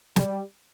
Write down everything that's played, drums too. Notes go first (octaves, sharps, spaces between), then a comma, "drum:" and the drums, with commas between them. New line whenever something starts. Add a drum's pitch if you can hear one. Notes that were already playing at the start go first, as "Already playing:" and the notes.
G3, drum: snare